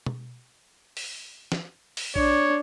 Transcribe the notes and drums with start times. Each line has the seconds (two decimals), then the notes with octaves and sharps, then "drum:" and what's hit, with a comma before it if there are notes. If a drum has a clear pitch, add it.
0.06 drum: tom
0.97 drum: open hi-hat
1.52 drum: snare
1.97 drum: open hi-hat
2.16 D4 C#5, drum: kick A#1